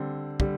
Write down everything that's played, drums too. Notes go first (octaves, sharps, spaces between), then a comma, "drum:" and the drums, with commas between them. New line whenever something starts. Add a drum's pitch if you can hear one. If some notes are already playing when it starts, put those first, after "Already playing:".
Already playing: D3 G3 C4
D3 G3, drum: kick